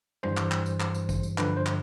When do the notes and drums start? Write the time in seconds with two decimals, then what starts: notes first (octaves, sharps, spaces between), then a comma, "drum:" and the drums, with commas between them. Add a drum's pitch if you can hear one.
0.23 G2 E3 G3 C5, drum: tom E2
0.37 drum: clap
0.52 drum: clap
0.66 drum: tambourine
0.80 drum: clap
0.95 drum: tambourine
1.09 drum: kick A1, tambourine
1.23 drum: tambourine
1.38 G2 D3 F3 B4, drum: clap
1.57 C5
1.66 drum: clap